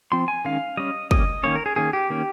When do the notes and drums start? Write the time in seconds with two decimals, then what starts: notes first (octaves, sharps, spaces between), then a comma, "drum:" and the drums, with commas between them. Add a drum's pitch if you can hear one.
0.12 F3 C4 C6
0.28 G#5
0.45 D#3 G#3 C#4 F5
0.77 G3 C#4 D#5
1.11 G3 A#3 C#4 D#5, drum: kick
1.43 D#3 A#3 C#4 C#5
1.55 A#4
1.66 G#4
1.76 D#3 A#3 C#4 G#4
1.93 G4
2.10 D#3 A#3 C#4